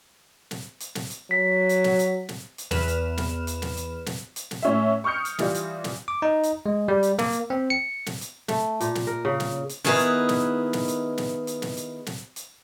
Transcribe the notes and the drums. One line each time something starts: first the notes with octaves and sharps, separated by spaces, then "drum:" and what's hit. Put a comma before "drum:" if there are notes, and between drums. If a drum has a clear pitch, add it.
drum: snare
drum: hi-hat
drum: snare
drum: hi-hat
F#3 B6
drum: hi-hat
drum: snare
drum: hi-hat
drum: snare
drum: hi-hat
E2 B4 F6 E7, drum: snare
drum: hi-hat
drum: snare
drum: hi-hat
drum: snare
drum: hi-hat
drum: snare
drum: hi-hat
drum: snare
A2 C#4 E5
C#6 D#6 F6 G6 C#7
drum: hi-hat
E3 G3 F4, drum: snare
drum: hi-hat
drum: snare
D6
D#4
drum: hi-hat
G#3
G3
drum: hi-hat
A#3, drum: snare
drum: hi-hat
C4
C#7
drum: snare
drum: hi-hat
A3, drum: snare
A#2, drum: hi-hat
drum: snare
A#4
C#3
drum: snare
drum: hi-hat
D#3 B3 E4 G#4 A#4 B4, drum: snare
drum: hi-hat
drum: snare
drum: snare
drum: hi-hat
drum: snare
drum: hi-hat
drum: snare
drum: hi-hat
drum: snare
drum: hi-hat